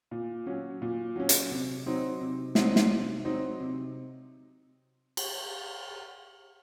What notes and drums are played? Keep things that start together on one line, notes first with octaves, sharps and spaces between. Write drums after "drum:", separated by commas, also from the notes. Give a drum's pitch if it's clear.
A#2
F#3 C#4
A#2
F#3 C#4
drum: hi-hat
C3
F#3 C4 D#4
C3
F#3 C4 D#4, drum: snare
drum: snare
C3
F#3 C4 D#4
C3
drum: cymbal